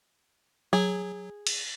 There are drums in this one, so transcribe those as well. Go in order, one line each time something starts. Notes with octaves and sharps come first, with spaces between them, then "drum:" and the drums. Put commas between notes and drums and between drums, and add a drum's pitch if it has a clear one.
F#3 G#4
drum: cymbal